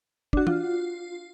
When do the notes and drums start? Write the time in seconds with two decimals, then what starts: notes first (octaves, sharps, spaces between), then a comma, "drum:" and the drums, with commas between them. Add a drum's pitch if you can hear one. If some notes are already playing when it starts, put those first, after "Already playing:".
0.33 D4 F#4, drum: kick
0.47 F4, drum: tom